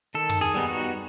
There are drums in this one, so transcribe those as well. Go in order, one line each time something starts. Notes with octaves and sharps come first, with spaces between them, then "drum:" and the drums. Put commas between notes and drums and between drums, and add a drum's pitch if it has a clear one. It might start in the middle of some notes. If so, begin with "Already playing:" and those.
D#3 A4
drum: tom
G#4
G3 B3 D#4, drum: open hi-hat
F#4